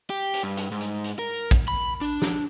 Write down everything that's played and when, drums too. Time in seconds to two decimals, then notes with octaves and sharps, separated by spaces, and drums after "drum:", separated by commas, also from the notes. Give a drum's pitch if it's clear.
0.10 G4
0.34 drum: hi-hat
0.43 G2
0.57 drum: hi-hat
0.72 G#2
0.81 drum: hi-hat
1.04 drum: hi-hat
1.19 A#4
1.51 drum: kick, hi-hat
1.68 B5
2.01 D4
2.22 drum: snare